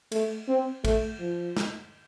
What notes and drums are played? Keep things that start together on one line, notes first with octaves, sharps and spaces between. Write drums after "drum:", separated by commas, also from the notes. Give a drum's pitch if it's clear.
A3, drum: cymbal
C4
A3, drum: kick, cymbal
F3
drum: snare